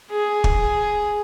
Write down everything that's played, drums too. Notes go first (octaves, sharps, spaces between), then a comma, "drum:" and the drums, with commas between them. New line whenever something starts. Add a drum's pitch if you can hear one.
G#4
drum: kick